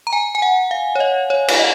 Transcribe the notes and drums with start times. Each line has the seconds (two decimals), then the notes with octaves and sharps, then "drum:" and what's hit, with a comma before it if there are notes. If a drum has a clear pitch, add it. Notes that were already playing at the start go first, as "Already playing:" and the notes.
0.07 A#5
0.13 G#5
0.35 G#5
0.42 F#5
0.71 F5
0.95 C#5
1.00 D#5
1.30 C#5
1.48 C#5, drum: cymbal
1.59 D#5